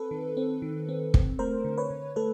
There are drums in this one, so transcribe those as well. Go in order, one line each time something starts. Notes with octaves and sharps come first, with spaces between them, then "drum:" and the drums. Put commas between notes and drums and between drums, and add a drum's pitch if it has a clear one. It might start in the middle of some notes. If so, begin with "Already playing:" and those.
Already playing: C4 A4 B4
D#3
C4
D#3
C4
C4, drum: kick
A3 A#4 C5
D3
B4 C#5
D3
A3 A4 B4